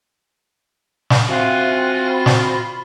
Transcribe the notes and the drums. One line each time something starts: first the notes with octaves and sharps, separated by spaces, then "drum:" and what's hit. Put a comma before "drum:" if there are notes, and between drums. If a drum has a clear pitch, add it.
drum: snare
C4 F4 F#4 E5 F5 G#5 F#6
B5
drum: snare